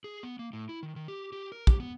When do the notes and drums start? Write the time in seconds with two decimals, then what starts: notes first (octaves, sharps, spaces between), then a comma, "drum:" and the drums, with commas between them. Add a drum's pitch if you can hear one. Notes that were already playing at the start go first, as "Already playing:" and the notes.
0.04 G#4
0.23 B3
0.39 A#3
0.53 A2
0.69 E4
0.83 D#3
0.96 D#3
1.08 G4
1.33 G4
1.52 A#4
1.67 G4, drum: kick
1.80 B3